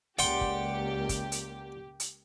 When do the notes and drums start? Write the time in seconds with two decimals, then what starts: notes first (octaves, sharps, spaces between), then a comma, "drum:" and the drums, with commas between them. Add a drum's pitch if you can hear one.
0.19 C#2 A#3 G4 D5 F#5 G5 C6, drum: hi-hat
0.41 drum: kick
1.09 drum: kick, hi-hat
1.32 drum: hi-hat
2.00 drum: hi-hat